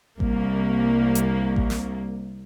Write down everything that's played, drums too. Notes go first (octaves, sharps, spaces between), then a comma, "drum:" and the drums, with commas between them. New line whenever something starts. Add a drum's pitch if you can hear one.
C2 A#3, drum: kick A1
drum: hi-hat
drum: kick A1
drum: snare